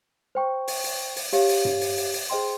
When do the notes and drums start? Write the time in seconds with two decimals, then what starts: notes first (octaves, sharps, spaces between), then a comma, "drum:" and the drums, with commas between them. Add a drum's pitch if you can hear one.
0.35 C5 G5 C#6
0.68 drum: open hi-hat
0.84 drum: open hi-hat
1.16 drum: open hi-hat
1.33 G4 C#5 F5, drum: open hi-hat
1.49 drum: open hi-hat
1.65 drum: tom G2
1.81 drum: open hi-hat
1.97 drum: open hi-hat
2.13 drum: open hi-hat
2.30 G#4 C5 D#5 G5 C6